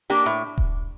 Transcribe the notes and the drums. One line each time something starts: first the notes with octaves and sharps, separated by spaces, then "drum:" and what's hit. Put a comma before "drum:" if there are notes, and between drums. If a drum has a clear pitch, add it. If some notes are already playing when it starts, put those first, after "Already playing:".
A#3 D4 G4
A2
drum: kick D#1